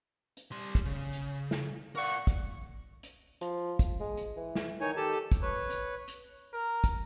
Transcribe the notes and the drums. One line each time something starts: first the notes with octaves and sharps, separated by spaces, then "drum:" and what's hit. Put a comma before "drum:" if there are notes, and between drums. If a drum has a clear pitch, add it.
drum: hi-hat
G3 C6
drum: kick, hi-hat
C#3
drum: hi-hat
drum: snare
A#4 D5 F5 F#5 C#6
drum: kick, hi-hat
drum: hi-hat
F3, drum: hi-hat
drum: kick, hi-hat
G#3
drum: hi-hat
E3
drum: snare
D#3 D#4 C#5 G#5
G4 A4 A5
drum: kick, hi-hat
B4 C#5
drum: hi-hat
drum: hi-hat
A#4
drum: kick, hi-hat